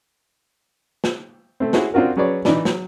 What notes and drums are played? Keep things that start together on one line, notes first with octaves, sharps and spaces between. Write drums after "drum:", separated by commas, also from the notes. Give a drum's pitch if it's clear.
drum: snare
A3 C4
E4 F#4 G#4 C5 C#5, drum: snare
C4 D4 F4 F#4 A#4
F#3 C#4 G#4 B4 C#5 D5
E3 D4 D#4 D5 B5, drum: snare
F#3, drum: snare